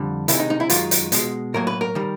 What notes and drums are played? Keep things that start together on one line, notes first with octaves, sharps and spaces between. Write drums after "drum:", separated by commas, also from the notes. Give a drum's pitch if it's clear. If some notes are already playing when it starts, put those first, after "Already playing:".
Already playing: F2 D3 G3
C3 D#3 G#3 E4, drum: hi-hat
D#4
D#4
E4
F#2 D#3 G#3 F4, drum: hi-hat
drum: hi-hat
B2 G#3, drum: hi-hat
A2 F#3 A#3 A#4
B4
A#4
D#3 G3